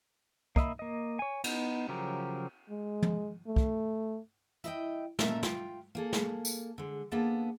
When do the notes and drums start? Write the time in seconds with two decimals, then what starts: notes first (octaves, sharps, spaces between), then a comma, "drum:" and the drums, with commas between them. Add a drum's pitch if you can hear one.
0.56 A#3 D#5 E5 B5, drum: kick
0.79 A#3 D#5
1.19 C#5 G#5
1.44 B3 D#4, drum: cymbal
1.88 C#3 F3 F#3 G4 A#4
2.70 G#3
3.02 drum: tom
3.47 A3
3.56 drum: kick
4.64 E4 D#5 G5, drum: hi-hat
5.19 A#2 C#4 D#4 A4 A#4 E5, drum: snare
5.43 F4 G5, drum: snare
5.95 A#3 G#4 A4
6.13 drum: snare
6.45 drum: tambourine
6.78 D3 G#3
7.12 A#3 B3 D4 G#4 A4